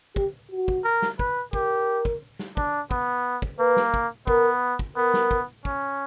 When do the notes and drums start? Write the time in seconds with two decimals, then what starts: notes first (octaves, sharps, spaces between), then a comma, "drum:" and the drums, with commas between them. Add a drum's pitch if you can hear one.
0.16 G4, drum: kick
0.51 F#4
0.68 drum: kick
0.85 A#4
1.02 drum: snare
1.19 B4, drum: kick
1.53 G4 A#4, drum: kick
2.05 drum: kick
2.39 drum: snare
2.57 D4, drum: kick
2.91 B3, drum: kick
3.42 drum: kick
3.59 A#3 B4
3.77 drum: snare
3.94 drum: kick
4.27 B3 A#4, drum: kick
4.79 drum: kick
4.97 B3 A#4
5.14 drum: snare
5.31 drum: kick
5.65 C#4, drum: kick